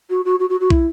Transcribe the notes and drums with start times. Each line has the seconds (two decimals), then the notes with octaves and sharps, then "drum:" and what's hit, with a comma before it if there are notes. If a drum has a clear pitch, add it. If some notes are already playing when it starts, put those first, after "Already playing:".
0.10 F#4
0.25 F#4
0.39 F#4
0.50 F#4
0.60 F#4
0.70 E4, drum: kick